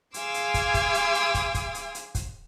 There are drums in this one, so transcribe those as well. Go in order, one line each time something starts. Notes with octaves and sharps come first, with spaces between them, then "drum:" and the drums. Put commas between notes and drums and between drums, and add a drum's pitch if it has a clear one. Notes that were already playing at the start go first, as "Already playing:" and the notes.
G#4 F5 G#5 C6 D6 E6, drum: hi-hat
drum: hi-hat
drum: kick, hi-hat
drum: kick, hi-hat
drum: hi-hat
drum: hi-hat
drum: kick, hi-hat
drum: kick, hi-hat
drum: hi-hat
drum: hi-hat
drum: kick, hi-hat